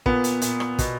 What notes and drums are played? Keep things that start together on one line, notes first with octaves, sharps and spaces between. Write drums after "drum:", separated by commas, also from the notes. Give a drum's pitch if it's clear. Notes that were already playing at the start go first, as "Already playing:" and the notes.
A#2 B3, drum: kick
drum: hi-hat
A#2, drum: hi-hat
drum: rim click
B2, drum: kick, hi-hat